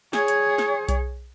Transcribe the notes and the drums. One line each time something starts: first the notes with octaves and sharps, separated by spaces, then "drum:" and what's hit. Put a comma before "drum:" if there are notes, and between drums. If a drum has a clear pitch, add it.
G#4 C#5, drum: snare
drum: hi-hat
drum: snare
drum: kick B1, hi-hat